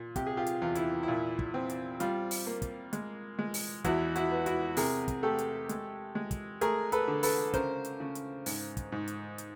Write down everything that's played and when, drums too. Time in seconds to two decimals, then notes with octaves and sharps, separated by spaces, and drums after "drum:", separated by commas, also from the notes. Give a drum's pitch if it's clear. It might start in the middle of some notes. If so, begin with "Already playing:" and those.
Already playing: A#2
0.16 C3 G4, drum: kick, hi-hat
0.26 G#4
0.37 F4 G4
0.46 drum: hi-hat
0.62 E2 F4
0.75 E4, drum: hi-hat
1.03 A#2 E4
1.39 drum: kick
1.54 C4
1.69 drum: hi-hat
2.00 G3 F4, drum: hi-hat
2.31 drum: open hi-hat
2.46 A#3
2.62 drum: kick, hi-hat
2.93 G#3, drum: hi-hat
3.39 G#3
3.54 drum: open hi-hat
3.84 E2 E4 F#4, drum: kick, hi-hat
4.16 E4 F#4, drum: hi-hat
4.31 B3
4.46 E4 F#4, drum: hi-hat
4.77 C3 G#4 A#4, drum: open hi-hat
5.08 drum: kick, hi-hat
5.23 A3 G4 A4
5.39 drum: hi-hat
5.69 G#3, drum: hi-hat
6.15 G#3
6.31 drum: kick, hi-hat
6.61 A3 G#4 A#4, drum: hi-hat
6.92 A4 B4, drum: hi-hat
7.08 D3
7.23 A4 B4, drum: open hi-hat
7.54 C#3 A#4 C5, drum: kick, hi-hat
7.85 drum: hi-hat
8.00 C#3
8.15 drum: hi-hat
8.46 G#2, drum: open hi-hat
8.77 drum: kick, hi-hat
8.92 G#2
9.08 drum: hi-hat
9.38 drum: hi-hat